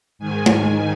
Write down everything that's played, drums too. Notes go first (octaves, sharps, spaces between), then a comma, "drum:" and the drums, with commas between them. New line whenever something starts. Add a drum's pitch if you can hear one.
G#2 D#3 G#5
drum: tom G#3